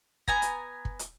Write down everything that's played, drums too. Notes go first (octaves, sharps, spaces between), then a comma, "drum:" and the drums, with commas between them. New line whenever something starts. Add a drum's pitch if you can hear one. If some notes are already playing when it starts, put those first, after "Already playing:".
B3 G#5 A#5, drum: kick
drum: hi-hat
drum: kick
drum: hi-hat